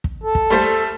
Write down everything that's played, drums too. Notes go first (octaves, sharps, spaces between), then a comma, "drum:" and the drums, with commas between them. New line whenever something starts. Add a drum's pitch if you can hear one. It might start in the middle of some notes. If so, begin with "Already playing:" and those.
drum: kick
A4
drum: kick
G3 A3 C5